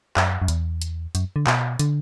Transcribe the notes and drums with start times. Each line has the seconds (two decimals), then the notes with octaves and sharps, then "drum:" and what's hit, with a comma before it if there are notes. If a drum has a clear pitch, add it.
0.17 F#2, drum: clap
0.42 F#2
0.48 E2, drum: hi-hat
0.82 drum: hi-hat
1.15 F#2, drum: hi-hat
1.36 D3
1.47 B2, drum: clap
1.79 D3, drum: hi-hat